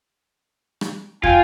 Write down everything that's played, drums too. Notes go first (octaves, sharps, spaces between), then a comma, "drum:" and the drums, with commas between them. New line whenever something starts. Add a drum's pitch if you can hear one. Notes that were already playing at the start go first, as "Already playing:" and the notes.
drum: rim click
F4 G5 G#5, drum: kick